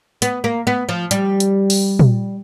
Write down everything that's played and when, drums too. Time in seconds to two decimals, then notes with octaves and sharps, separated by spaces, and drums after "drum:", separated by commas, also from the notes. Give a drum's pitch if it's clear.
0.22 B3, drum: hi-hat
0.44 A#3
0.67 B3
0.89 F3
1.11 G3, drum: hi-hat
1.40 drum: hi-hat
1.70 drum: open hi-hat
1.99 drum: tom A#2